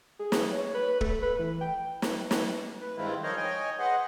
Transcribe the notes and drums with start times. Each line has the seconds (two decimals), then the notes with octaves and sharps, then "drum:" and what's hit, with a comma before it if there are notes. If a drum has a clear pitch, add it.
0.20 G#4
0.32 drum: snare
0.52 C#5
0.74 B4
1.01 A3, drum: kick
1.22 B4
1.39 E3
1.61 G5
2.02 drum: snare
2.31 drum: snare
2.80 B4
2.97 G2 D#3 G#3 C4 E4 F4
3.23 F3 D#4 A#4 C5 C#5 D#5
3.37 C#5 D#5 G5 G#5
3.79 G#4 B4 C5 D#5 F#5